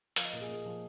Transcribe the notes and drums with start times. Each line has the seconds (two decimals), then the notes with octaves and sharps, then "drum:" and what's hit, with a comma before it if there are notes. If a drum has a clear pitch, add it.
0.16 F3 F5, drum: hi-hat
0.25 D#5
0.33 A#2 A#4
0.41 G#4
0.49 A#2
0.66 F3